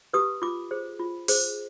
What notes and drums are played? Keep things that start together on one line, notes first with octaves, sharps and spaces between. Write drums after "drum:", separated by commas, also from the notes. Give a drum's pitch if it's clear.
G4 B4 D#6
F4 D6
G#4 C5
F4
G#4 C5, drum: open hi-hat